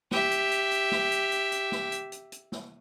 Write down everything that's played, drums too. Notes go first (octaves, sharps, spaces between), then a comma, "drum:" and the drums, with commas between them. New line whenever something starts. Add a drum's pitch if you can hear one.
G4 E5, drum: snare
drum: hi-hat
drum: hi-hat
drum: hi-hat
drum: snare
drum: hi-hat
drum: hi-hat
drum: hi-hat
drum: snare
drum: hi-hat
drum: hi-hat
drum: hi-hat
drum: snare